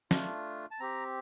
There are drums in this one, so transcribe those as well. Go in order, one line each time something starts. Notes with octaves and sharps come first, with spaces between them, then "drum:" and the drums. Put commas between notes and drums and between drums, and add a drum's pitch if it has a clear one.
A3 D4 F4, drum: snare
A5
C4 G4 A#5